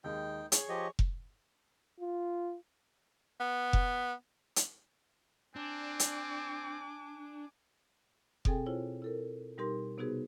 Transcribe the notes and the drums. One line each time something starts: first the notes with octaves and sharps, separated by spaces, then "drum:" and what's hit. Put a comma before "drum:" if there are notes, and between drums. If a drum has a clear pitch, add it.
D#2 G#3 D#4 G5
G#4 C#5 C#6, drum: hi-hat
F3 G4 D#5
drum: kick F1
F4
B3
drum: kick F1
drum: hi-hat
C4 D4 G#5 D6
drum: hi-hat
B2 C4 G#4 A4 G5 G#5, drum: kick F1
E4 F4 C5 C#5
E4 A4 A#4
B2 G3 D#4 G4 A#4 C6
C3 B3 D#4 F#4 G#4 B4